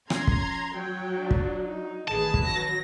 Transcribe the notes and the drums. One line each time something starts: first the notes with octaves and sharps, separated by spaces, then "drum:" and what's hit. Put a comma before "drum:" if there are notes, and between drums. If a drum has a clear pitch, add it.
F3 C#4 A#5 C6 G#6, drum: rim click
drum: kick
F#3 C#5 G5
D4
drum: kick
D#4
A1 D#3 G#4 B4 A5
drum: kick
F#3 A#6